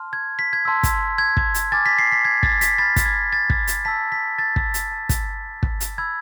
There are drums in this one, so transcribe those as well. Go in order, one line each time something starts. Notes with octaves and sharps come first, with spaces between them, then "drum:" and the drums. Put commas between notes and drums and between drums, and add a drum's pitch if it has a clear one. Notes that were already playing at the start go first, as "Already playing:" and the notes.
Already playing: A5 C6 F6
G#6
B6
G#6
A5 C6 E6
drum: kick, hi-hat
G#6
drum: kick
drum: hi-hat
G#5 D6 F6 A6
B6
C7
B6
G#6
A6, drum: kick
B6, drum: hi-hat
B5 F6 A6
drum: kick, hi-hat
G#6
A6
drum: kick
drum: hi-hat
A5 E6 B6
B6
A6
drum: kick
drum: hi-hat
A5 E6
drum: kick, hi-hat
drum: kick
drum: hi-hat
B5 E6 G#6